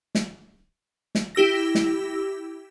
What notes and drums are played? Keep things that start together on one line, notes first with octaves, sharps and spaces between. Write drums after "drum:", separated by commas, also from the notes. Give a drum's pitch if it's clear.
drum: snare
drum: snare
E4 G4 E6 A#6
drum: snare